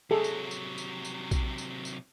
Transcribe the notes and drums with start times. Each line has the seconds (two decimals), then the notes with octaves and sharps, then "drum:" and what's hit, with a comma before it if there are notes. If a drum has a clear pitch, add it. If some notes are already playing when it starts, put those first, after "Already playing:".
0.11 C3 F#3 G#4 A4
0.24 drum: tambourine
0.51 drum: tambourine
0.78 drum: tambourine
1.05 drum: tambourine
1.31 drum: kick A#1, tambourine
1.58 drum: tambourine
1.85 drum: tambourine